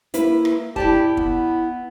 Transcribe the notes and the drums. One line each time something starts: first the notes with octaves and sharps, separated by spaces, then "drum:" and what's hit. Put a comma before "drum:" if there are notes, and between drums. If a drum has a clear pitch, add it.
A#3 E4 B4, drum: hi-hat
drum: rim click
E4 G4 D5 A5, drum: kick
B3, drum: kick